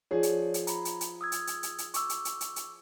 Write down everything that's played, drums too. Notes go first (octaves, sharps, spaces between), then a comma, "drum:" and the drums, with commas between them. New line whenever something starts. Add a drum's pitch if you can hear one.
F3 G#4 C#5 D5
drum: hi-hat
drum: hi-hat
A#5 B5, drum: hi-hat
drum: hi-hat
drum: hi-hat
D#6 E6 G#6
drum: hi-hat
drum: hi-hat
drum: hi-hat
drum: hi-hat
C#6 D6 E6, drum: hi-hat
drum: hi-hat
drum: hi-hat
drum: hi-hat
drum: hi-hat